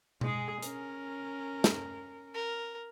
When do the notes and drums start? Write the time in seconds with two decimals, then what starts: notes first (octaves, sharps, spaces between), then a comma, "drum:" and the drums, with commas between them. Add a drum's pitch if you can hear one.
0.21 G#3 G#4, drum: tom B2
0.63 C#4 A#4, drum: hi-hat
1.64 drum: snare
2.34 A#4